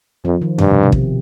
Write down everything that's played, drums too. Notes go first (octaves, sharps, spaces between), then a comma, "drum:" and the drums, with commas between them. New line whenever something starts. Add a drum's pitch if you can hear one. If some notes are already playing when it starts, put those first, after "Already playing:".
F2 F3
D#3
G2 C3, drum: tom F2
B2
C3
drum: kick